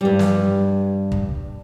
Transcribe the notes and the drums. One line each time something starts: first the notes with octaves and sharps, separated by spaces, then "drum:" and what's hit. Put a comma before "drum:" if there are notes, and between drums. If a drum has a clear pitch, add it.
G2 G3
drum: snare
drum: kick